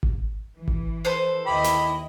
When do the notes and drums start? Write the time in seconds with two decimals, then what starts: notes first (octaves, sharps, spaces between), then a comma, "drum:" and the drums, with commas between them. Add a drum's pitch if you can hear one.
0.03 drum: kick G#1
0.58 E3
0.68 drum: kick G#1
1.05 A4 B4 C5
1.46 D#2 E4 G4 D#5 B5
1.64 drum: snare